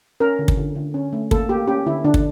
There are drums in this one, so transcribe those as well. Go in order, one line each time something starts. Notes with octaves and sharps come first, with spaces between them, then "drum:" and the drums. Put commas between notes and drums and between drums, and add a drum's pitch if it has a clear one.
C#4 A#4
D3
drum: kick
D3
D3
C#4
A3
A#3 A4, drum: kick
A#3 G4
C#4 G4
D3 E4
D3 D4
drum: kick